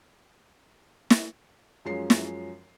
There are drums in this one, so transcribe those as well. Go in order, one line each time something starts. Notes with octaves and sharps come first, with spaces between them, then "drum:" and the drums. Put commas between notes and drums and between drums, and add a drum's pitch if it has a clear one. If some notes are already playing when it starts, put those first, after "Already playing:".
drum: snare
F#2 F3 G#3 C#4 C7
drum: snare